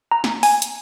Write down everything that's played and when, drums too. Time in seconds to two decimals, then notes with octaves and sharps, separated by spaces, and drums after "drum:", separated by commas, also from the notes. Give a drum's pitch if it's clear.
0.11 A#5
0.24 drum: snare
0.43 G#5, drum: open hi-hat
0.62 drum: hi-hat